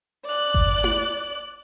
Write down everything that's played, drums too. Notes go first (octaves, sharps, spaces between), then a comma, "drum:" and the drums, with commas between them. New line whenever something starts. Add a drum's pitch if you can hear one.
D5 F#6
drum: kick G1
drum: tom E4